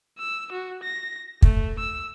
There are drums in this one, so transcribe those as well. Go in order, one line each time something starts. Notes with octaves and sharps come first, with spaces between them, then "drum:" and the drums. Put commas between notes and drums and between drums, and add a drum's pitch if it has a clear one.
E6
F#4
A#6
A3, drum: kick
E6